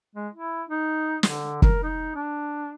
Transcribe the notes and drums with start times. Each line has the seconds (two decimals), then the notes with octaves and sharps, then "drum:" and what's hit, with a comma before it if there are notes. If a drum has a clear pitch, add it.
0.16 G#3
0.34 E4
0.69 D#4
1.23 D3, drum: snare
1.62 A#4, drum: kick
1.83 D#4
2.15 D4